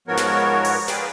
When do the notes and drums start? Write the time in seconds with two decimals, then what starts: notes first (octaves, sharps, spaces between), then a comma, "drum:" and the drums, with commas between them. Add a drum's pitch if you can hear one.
0.08 G#2 F3 B3 F#4 A#4 C#5
0.18 drum: snare
0.65 drum: open hi-hat
0.88 G#4 B4 C5 D5 F5 G5, drum: snare